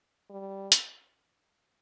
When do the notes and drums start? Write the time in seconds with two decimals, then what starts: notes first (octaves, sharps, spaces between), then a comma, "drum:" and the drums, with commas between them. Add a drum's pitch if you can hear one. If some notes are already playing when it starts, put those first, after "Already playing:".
0.30 G3
0.72 drum: hi-hat